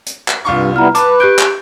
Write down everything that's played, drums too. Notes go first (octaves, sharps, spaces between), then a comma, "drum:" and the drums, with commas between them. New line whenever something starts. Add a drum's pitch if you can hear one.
drum: hi-hat
drum: clap
C2 G2 F4 C#6
G3 B3 E4 A#5 F6
B4 A5 D6, drum: hi-hat
G4 F#6 G6 D7
drum: clap